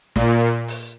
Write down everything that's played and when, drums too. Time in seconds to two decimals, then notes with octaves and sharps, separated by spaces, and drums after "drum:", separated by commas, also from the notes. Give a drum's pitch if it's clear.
0.16 A#2, drum: snare
0.68 drum: open hi-hat